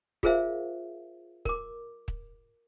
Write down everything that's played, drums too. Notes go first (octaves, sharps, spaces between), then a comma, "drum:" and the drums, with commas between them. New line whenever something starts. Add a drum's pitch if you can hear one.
F4 G#4 A#4 C5 E5 F5, drum: kick
A#4 D6, drum: kick
drum: kick